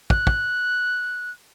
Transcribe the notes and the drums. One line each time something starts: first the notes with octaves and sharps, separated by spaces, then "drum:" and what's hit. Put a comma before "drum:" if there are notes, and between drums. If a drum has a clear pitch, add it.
F#6, drum: kick
drum: kick